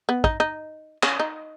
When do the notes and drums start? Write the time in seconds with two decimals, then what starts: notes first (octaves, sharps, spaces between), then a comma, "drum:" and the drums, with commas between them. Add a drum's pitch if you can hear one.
0.09 B3
0.24 D#4, drum: kick
0.40 D#4
1.03 C#4, drum: clap
1.20 D#4